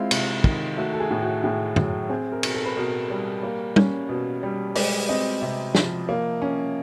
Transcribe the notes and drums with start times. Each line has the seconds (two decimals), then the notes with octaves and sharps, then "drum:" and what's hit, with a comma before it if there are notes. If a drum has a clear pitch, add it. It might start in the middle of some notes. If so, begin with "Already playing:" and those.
Already playing: G#3 C4 E4 F4
0.11 C3, drum: cymbal
0.44 D#3, drum: kick
0.77 A3 F#4
0.93 A4
1.00 G#4
1.11 A2
1.22 F#4
1.44 A2 G#4
1.76 F#3, drum: tom
2.09 C4 G#4
2.32 A#4
2.43 B2, drum: cymbal
2.54 A4
2.66 B4
2.77 B2 A#4
3.10 G3
3.43 A#3
3.76 C#4, drum: tom
4.09 B2
4.43 G3
4.75 G#3 D5, drum: open hi-hat
5.09 C4 D#5
5.42 C3
5.75 F3, drum: snare
6.09 A#3
6.42 C#4